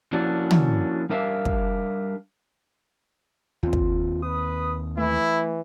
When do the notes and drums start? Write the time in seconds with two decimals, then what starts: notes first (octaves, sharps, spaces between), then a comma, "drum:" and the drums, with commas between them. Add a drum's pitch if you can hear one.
0.13 F3 A#3 C#4 D4 E4 F#4
0.51 drum: tom
1.09 G3 D4 A#4 E5 F5
1.45 drum: kick
3.63 D#2 C4 F4
3.73 drum: kick
4.22 B4 D#6
4.97 E3 A3 E4